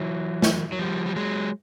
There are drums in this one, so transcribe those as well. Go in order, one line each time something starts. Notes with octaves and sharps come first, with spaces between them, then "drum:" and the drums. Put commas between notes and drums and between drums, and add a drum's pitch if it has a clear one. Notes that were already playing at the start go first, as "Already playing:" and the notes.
Already playing: E3 F#3
drum: snare
F#3
F3 G3
G3
F#3 G#3